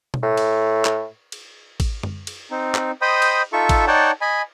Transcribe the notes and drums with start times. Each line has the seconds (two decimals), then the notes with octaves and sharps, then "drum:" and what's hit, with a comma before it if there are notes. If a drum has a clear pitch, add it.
0.14 drum: tom B2
0.23 A2
0.37 drum: cymbal
0.85 drum: clap
1.32 drum: cymbal
1.80 drum: kick, cymbal
2.03 drum: tom F#2
2.27 drum: cymbal
2.51 C4 D#4
2.75 drum: clap
3.02 C5 D#5 G5 B5 D#6
3.22 drum: cymbal
3.53 D#4 F4 A4 E5 C#6
3.69 drum: kick, cymbal
3.87 D#4 C#5 D5 F#5 G5 A5
4.21 D#5 G#5 B5